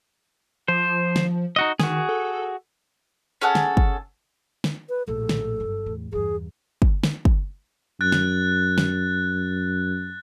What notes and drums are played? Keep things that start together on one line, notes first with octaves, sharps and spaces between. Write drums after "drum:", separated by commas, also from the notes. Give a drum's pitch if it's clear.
F3 C5
drum: snare
D#4 F#4 D#5
D#3 F#4 G#4, drum: snare
A4
C#4 G#4 A4 F#5
drum: snare
drum: kick
drum: snare
B4
A#1 A2 A4
drum: snare
G1 F#2
E2 A2
E2 G2 G#4
drum: kick
drum: snare
drum: kick
F#2 F#6 A6
drum: snare
drum: snare